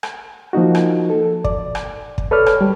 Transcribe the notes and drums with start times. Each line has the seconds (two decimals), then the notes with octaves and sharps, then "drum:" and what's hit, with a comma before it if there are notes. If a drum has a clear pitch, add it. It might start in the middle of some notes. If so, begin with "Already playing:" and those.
0.03 drum: rim click
0.53 F3 A#3 D#4 F#4
0.75 drum: rim click
1.10 A4
1.44 D5, drum: kick
1.75 drum: rim click
2.18 drum: kick
2.31 A4 B4 C#5 D5 F6
2.46 drum: rim click
2.61 G3